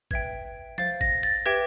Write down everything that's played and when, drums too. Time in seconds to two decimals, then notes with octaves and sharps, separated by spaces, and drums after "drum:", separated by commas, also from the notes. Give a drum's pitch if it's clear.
0.11 B4 E5 G5 G#6, drum: kick G#1
0.78 C5 F5 A6, drum: tom F3
1.01 A#6, drum: kick G#1
1.23 A6
1.46 G4 B4 E5 G5 G#6